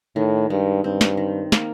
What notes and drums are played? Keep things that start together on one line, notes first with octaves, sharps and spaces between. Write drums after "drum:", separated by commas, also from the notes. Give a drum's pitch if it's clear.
A2 D#3
G2 G#3
G2 C4
drum: snare
D#3
A#3, drum: snare